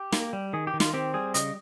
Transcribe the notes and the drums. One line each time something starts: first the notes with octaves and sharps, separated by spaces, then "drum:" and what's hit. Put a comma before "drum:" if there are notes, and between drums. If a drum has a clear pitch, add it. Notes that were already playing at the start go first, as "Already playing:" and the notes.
Already playing: G4
A#3, drum: snare
G3
D#3 G#4
G4
D#3
F4, drum: snare
C4 G4
G3 G#4
C#3 D#5, drum: hi-hat